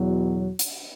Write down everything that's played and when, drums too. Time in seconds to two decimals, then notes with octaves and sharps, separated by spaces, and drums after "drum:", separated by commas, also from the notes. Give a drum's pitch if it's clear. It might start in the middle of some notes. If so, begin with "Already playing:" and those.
Already playing: E2 B2 F#3
0.59 drum: hi-hat